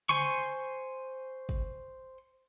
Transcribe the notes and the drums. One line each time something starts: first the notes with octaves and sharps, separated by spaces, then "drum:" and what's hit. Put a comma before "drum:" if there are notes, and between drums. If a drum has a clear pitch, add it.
C5 G#5 C6 C#6, drum: tom C#3
drum: kick